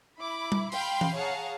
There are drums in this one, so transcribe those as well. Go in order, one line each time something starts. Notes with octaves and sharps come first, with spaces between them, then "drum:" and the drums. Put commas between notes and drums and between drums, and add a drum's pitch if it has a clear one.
E4 B5 D6
drum: tom G3
F5 G5 B5 C6, drum: open hi-hat
drum: tom E3
G#4 C#5 F5 F#5 A5 A#5